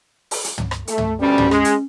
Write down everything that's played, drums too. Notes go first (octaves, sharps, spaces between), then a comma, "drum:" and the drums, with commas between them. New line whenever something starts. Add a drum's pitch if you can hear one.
drum: open hi-hat
drum: hi-hat
drum: tom
drum: rim click
A3, drum: hi-hat
drum: tom
D2 B2 G3 C#4
drum: tom
G#3 G#4, drum: rim click
drum: hi-hat